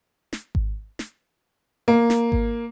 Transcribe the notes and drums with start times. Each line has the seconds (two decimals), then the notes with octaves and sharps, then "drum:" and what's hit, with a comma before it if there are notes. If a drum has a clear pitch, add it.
0.33 drum: snare
0.55 drum: kick G#1
0.99 drum: snare
1.88 A#3
2.10 drum: snare
2.32 drum: kick G#1